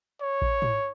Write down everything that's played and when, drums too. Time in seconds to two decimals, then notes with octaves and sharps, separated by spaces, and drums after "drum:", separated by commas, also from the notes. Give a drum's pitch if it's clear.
0.21 C#5
0.42 drum: kick A1
0.62 drum: tom G#2